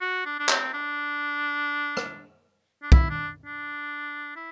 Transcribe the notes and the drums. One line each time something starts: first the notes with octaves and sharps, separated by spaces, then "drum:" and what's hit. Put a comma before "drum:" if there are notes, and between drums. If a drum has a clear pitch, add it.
F#4
D4
D4
C4, drum: clap
D4
drum: rim click
D4
E4, drum: kick
D4
D4
E4